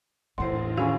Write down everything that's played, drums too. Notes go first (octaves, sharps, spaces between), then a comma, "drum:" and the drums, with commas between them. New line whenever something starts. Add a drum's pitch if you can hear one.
E2 A2 C5 F#5 C6, drum: cymbal
D#3 C#4 E4 F#4 G#4 B4 F5